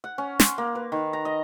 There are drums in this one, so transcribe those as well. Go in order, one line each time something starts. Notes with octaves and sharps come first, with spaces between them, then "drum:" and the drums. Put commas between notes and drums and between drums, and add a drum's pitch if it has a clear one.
F#5
C#4
C6, drum: snare
A#3
B4
D#3
A#5
D#5